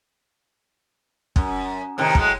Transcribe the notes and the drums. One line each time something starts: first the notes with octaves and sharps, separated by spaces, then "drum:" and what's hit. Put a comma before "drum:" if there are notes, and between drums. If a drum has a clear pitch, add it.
F#2, drum: kick
A2 C3 D#3
A2 F#3 G#3, drum: kick